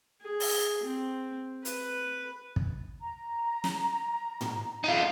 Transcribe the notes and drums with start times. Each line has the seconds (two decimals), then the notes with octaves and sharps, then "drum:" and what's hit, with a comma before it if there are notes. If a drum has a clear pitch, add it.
0.21 G#4
0.40 drum: open hi-hat
0.84 C4
1.65 B4, drum: hi-hat
2.56 drum: kick
3.01 A#5
3.64 drum: snare
4.41 drum: tom
4.84 D#4 F4